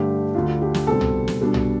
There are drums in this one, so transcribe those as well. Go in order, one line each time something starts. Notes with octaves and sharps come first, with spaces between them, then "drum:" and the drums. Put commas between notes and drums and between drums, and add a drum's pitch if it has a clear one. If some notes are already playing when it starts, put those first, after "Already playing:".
Already playing: G2 D3 A3 D4 G4
D2 D3 A3 D4 F4
G4
drum: snare
C2 B2 G3 C4 A4
drum: tom
drum: snare
B2 G3 D4
drum: tom